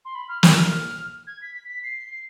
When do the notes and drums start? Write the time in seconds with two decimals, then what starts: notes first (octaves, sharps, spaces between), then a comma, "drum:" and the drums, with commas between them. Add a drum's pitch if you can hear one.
0.05 C6
0.15 B5
0.29 F6
0.43 F6, drum: snare
1.27 G#6
1.42 B6
1.55 B6
1.69 B6
1.84 C7